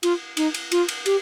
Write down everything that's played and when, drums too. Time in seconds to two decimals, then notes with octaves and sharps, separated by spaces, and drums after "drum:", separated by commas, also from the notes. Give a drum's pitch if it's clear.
0.03 F4, drum: cymbal
0.37 D#4, drum: cymbal
0.54 drum: cymbal
0.72 F4, drum: cymbal
0.88 drum: cymbal
1.06 G4, drum: cymbal